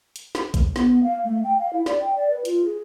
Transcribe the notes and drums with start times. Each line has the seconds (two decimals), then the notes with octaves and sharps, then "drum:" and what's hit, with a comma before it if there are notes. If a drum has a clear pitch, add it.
0.16 drum: hi-hat
0.35 drum: snare
0.54 drum: kick A#1, hi-hat
0.76 B3, drum: snare
1.04 F5
1.24 A3
1.44 G5
1.59 F5
1.73 E4
1.86 D5, drum: snare
2.01 G5
2.15 D5
2.30 B4
2.45 F4, drum: hi-hat
2.65 G#4